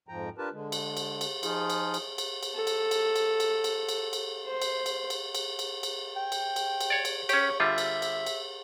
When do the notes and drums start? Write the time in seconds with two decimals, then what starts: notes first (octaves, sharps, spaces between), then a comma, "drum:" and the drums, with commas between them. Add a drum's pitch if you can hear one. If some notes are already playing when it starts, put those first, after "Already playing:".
0.08 F2 G#2 F3 G5 A#5
0.38 D4 F4 G4 A#4 B4 A5
0.53 D3 G#3
0.72 drum: cymbal
0.97 drum: cymbal
1.21 drum: cymbal
1.43 F3 D#4 F4 G#4, drum: cymbal
1.70 drum: cymbal
1.94 drum: cymbal
2.18 drum: cymbal
2.43 drum: cymbal
2.56 A4
2.67 drum: cymbal
2.91 drum: cymbal
3.16 drum: cymbal
3.40 drum: cymbal
3.64 drum: cymbal
3.89 drum: cymbal
4.13 drum: cymbal
4.46 C5
4.62 drum: cymbal
4.86 drum: cymbal
5.10 drum: cymbal
5.35 drum: cymbal
5.59 drum: cymbal
5.83 drum: cymbal
6.16 G5
6.32 drum: cymbal
6.56 drum: cymbal
6.81 drum: cymbal
6.90 C#5 D5
7.05 drum: cymbal
7.29 C#4 G4 C#5, drum: cymbal
7.60 D3 G3 F4 E5
7.78 drum: cymbal
8.02 drum: cymbal
8.26 drum: cymbal